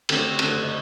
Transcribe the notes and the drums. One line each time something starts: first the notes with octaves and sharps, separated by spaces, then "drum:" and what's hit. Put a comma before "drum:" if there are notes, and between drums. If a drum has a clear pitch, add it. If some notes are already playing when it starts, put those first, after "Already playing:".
D3 A3 C4 G4 G5, drum: cymbal
D3 A3 C4, drum: cymbal
D#5